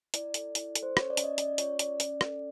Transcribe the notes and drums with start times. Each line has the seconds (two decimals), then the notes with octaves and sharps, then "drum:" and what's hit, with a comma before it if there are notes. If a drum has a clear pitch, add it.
0.14 E4 D5, drum: hi-hat
0.34 A4, drum: hi-hat
0.55 E4, drum: hi-hat
0.75 A4, drum: hi-hat
0.83 C5
0.97 C#4 C#5, drum: rim click
1.10 D5
1.17 C#4, drum: hi-hat
1.24 D#5
1.38 C#4 D5, drum: hi-hat
1.58 F4 C#5, drum: hi-hat
1.79 C#4 D5, drum: hi-hat
2.00 C#4, drum: hi-hat
2.21 A4, drum: rim click